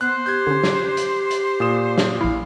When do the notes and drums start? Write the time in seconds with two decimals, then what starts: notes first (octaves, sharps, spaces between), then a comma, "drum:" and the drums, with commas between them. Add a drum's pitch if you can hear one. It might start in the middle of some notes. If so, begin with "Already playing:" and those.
0.01 B3 C5 F#6
0.26 G4 G6 G#6
0.47 D3 C#4
0.64 drum: snare
0.97 drum: hi-hat
1.31 drum: hi-hat
1.60 A#2 D#6 E7
1.98 drum: snare
2.21 A#1 E4 F5